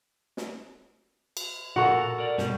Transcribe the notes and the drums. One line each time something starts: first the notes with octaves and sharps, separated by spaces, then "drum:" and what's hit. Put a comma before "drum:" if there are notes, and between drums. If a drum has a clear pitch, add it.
drum: snare
drum: cymbal
A#2 F#4 A4 A#4 F#5 C#6
A#4 D5
G2 B2 G3, drum: snare